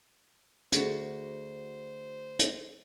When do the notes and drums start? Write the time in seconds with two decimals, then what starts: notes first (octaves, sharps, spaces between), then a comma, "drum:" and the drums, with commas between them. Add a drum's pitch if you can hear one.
0.72 D2 F#4 G#4 A4 C5, drum: hi-hat
2.39 drum: hi-hat